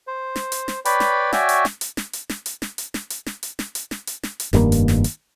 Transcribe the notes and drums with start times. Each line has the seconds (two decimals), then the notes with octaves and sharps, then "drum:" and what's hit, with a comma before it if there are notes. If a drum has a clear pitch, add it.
0.07 C5
0.36 drum: snare
0.52 drum: hi-hat
0.68 drum: snare
0.85 B4 C#5 D5 G5 B5, drum: hi-hat
1.00 drum: snare
1.33 F#4 C#5 D5 E5 G5 G#5, drum: snare
1.49 drum: hi-hat
1.65 drum: snare
1.81 drum: hi-hat
1.97 drum: snare
2.13 drum: hi-hat
2.30 drum: snare
2.46 drum: hi-hat
2.62 drum: snare
2.78 drum: hi-hat
2.94 drum: snare
3.10 drum: hi-hat
3.26 drum: snare
3.43 drum: hi-hat
3.59 drum: snare
3.75 drum: hi-hat
3.91 drum: snare
4.07 drum: hi-hat
4.23 drum: snare
4.40 drum: hi-hat
4.53 F1 G2 D#3 A#3, drum: snare
4.72 drum: hi-hat
4.88 drum: snare
5.04 drum: hi-hat